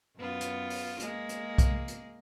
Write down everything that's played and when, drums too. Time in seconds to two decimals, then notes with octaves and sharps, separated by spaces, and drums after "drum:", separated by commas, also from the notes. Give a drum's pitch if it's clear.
0.17 F#2 B3 F4
0.40 drum: hi-hat
0.70 drum: open hi-hat
0.99 G#3 A#3, drum: hi-hat
1.29 drum: hi-hat
1.58 drum: kick B1, hi-hat
1.88 drum: hi-hat